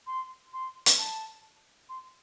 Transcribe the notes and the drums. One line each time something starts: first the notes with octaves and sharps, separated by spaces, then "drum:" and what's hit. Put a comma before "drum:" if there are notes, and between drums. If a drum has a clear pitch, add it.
C6
C6
drum: hi-hat
A5
C6